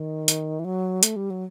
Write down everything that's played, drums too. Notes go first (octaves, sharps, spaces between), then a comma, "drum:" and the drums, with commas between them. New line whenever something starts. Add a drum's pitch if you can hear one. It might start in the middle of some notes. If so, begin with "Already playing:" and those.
Already playing: D#3
drum: hi-hat
E3
F#3
A3, drum: hi-hat
G3
F#3